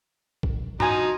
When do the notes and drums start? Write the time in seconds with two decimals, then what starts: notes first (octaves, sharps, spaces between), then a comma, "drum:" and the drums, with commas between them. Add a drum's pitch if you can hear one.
0.43 drum: kick
0.80 F3 D#4 F#4 G#5 A#5, drum: tom G2